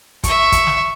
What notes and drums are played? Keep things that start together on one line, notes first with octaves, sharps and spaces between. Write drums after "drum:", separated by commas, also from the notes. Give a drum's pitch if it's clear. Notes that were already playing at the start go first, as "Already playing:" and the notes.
E5 C#6, drum: kick, hi-hat
drum: kick, hi-hat
drum: snare